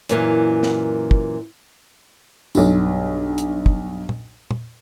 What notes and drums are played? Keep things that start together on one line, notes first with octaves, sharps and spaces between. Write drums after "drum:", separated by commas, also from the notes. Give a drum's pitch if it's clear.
F#2 A#2 E3, drum: hi-hat
drum: snare
drum: kick
B1 G2, drum: tambourine
drum: hi-hat
drum: kick
drum: tom
drum: tom